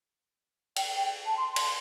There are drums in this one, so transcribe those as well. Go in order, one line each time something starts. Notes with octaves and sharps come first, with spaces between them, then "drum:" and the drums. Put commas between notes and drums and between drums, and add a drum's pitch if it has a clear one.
G5, drum: cymbal
G5
A5
C6
C6, drum: cymbal